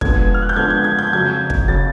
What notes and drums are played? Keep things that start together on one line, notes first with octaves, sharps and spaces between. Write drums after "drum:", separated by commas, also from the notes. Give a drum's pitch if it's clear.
D3 F3 G#3 B3 G#6, drum: kick
F6
F#6
G6
D3 F3 G#3 B3 G#6
G#6
G#6
G6
F2 C#3 F#3 G#6
drum: kick
C#3 F#3 A6